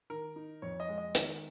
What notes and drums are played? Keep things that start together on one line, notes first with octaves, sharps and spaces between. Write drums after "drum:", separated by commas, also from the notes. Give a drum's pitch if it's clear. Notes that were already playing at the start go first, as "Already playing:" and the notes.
D#3 A#4
D#4
F2 C#5
D#5
G#3
D#5
D#3, drum: hi-hat